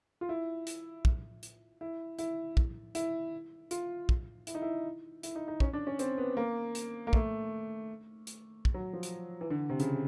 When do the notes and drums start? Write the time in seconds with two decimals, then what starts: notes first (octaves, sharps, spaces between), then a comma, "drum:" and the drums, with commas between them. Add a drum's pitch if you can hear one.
0.21 F4
0.29 E4
0.67 drum: hi-hat
1.05 drum: kick
1.43 drum: hi-hat
1.81 E4
2.19 E4, drum: hi-hat
2.57 drum: kick
2.95 E4, drum: hi-hat
3.71 F4, drum: hi-hat
4.09 drum: kick
4.47 E4, drum: hi-hat
4.55 D#4
4.62 E4
5.23 E4, drum: hi-hat
5.35 D#4
5.48 D#4
5.60 C#4, drum: kick
5.73 D4
5.87 C#4
5.99 C4, drum: hi-hat
6.18 B3
6.37 A#3
6.75 drum: hi-hat
7.07 A#3
7.13 A3, drum: kick
8.27 drum: hi-hat
8.65 drum: kick
8.74 F#3
8.93 F3
9.03 drum: hi-hat
9.41 E3
9.50 D3
9.70 C3
9.80 C#3, drum: hi-hat